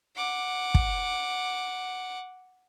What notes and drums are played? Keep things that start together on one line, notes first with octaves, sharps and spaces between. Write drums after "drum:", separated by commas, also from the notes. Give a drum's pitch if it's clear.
F#5 D6
drum: kick